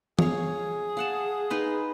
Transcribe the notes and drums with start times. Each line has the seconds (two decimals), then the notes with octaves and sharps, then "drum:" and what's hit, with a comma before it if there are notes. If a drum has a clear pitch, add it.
0.19 G#4 C#5 F5, drum: tom E3
0.97 F5 F#5 A5
1.50 D#4 B4 C6